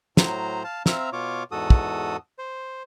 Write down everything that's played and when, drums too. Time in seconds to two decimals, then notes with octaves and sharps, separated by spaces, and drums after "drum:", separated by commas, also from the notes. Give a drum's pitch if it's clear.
0.17 A2 F#3 C5 A#5, drum: snare
0.64 F5 A5
0.86 C4 E5 F5 A#5, drum: snare
1.13 B2 F4 C#5 D6
1.52 E2 G#2 F#4 A4 D#6
1.70 drum: kick
2.39 C5